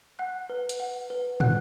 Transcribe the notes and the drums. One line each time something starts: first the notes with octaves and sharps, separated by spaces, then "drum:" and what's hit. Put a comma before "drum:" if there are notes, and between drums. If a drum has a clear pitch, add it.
F#5 F#6
B4
drum: hi-hat
F#5
B4
F#5 F#6, drum: tom